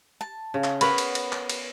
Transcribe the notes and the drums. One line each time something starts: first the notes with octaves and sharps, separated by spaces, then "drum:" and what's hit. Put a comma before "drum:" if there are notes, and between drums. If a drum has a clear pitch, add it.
A5
C#3
drum: clap
B3 A#4 C#5 B5, drum: cymbal
drum: cymbal
drum: cymbal
drum: clap
drum: cymbal